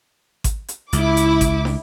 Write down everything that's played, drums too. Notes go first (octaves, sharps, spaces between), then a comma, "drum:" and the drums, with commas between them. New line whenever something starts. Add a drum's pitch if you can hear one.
drum: kick G#1, hi-hat
drum: hi-hat
C#2 E4 D6, drum: hi-hat
drum: hi-hat
drum: kick G#1, hi-hat
drum: snare